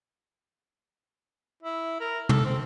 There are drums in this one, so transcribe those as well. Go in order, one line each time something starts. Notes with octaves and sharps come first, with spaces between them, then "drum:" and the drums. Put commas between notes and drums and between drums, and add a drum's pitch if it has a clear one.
E4
A#4
A4, drum: tom
C4